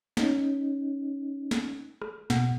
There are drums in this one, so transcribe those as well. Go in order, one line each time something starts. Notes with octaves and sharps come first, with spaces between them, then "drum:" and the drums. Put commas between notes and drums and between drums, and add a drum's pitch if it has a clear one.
C#4 D#4, drum: snare
drum: snare
drum: rim click
B2, drum: snare